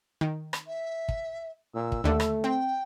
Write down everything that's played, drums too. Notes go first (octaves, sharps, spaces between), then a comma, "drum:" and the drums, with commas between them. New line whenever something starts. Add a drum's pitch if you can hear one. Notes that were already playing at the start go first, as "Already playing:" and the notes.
D#3
drum: rim click
E5
drum: kick
A#2 E6
drum: kick
D#2 D3 A3
drum: rim click
C4 G5